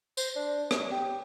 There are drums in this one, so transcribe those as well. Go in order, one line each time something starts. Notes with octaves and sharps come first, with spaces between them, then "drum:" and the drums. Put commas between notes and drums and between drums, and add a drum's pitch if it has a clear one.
C5, drum: tambourine
D4
C#4, drum: rim click
G4